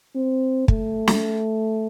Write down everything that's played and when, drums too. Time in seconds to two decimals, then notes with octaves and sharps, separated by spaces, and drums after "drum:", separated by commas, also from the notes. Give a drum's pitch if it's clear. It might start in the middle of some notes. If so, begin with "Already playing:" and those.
0.15 C4
0.68 A3, drum: kick
1.08 drum: snare